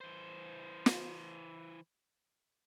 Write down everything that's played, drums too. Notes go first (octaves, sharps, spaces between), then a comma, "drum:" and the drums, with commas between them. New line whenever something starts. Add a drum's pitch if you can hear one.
E3 C5
drum: snare